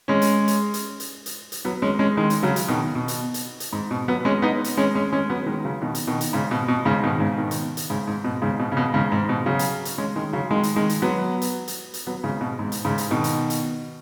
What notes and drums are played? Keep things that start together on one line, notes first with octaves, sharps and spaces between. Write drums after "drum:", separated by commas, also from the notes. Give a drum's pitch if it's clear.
G#3 C#4
drum: hi-hat
drum: hi-hat
drum: hi-hat
drum: hi-hat
drum: hi-hat
drum: hi-hat
F#3 B3
G#3 C#4
G#3 C#4
D#3 G#3
drum: hi-hat
C#3 F#3
drum: hi-hat
B2 D#3
B2
drum: hi-hat
drum: hi-hat
drum: hi-hat
G#2
B2
F#3 B3
G#3 C#4
B3 D#4
drum: hi-hat
G#3 C#4
G#3 C#4
G#3 C#4
F#3 B3
D#3 G#3
C#3 F#3
B2 D#3
drum: hi-hat
B2 D#3
drum: hi-hat
G#2 C#3
B2
B2
G#2 C#3
B2 D#3
G#2 C#3
B2 D#3
drum: hi-hat
drum: hi-hat
G#2 C#3
G#2
B2
G#2 C#3
B2
C#3
B2
G#2 C#3
G#2
B2
C#3 F#3
drum: hi-hat
drum: hi-hat
G#3 C#4
D#3 G#3
C#3 F#3
D#3 G#3
drum: hi-hat
D#3 G#3
drum: hi-hat
F#3 B3
drum: hi-hat
drum: hi-hat
drum: hi-hat
F#3 B3
G#2 C#3
B2
G#2
drum: hi-hat
G#2 C#3
drum: hi-hat
B2 D#3
drum: hi-hat
drum: hi-hat